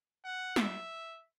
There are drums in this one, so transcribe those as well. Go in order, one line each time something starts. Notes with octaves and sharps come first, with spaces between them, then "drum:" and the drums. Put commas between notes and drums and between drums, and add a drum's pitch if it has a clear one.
F#5
E5, drum: snare